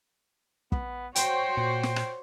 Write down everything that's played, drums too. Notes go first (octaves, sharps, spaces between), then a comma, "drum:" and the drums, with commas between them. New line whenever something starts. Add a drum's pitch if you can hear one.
B3, drum: kick
F#4 C5 C#5 G5, drum: hi-hat
A#2 G5
drum: snare
drum: rim click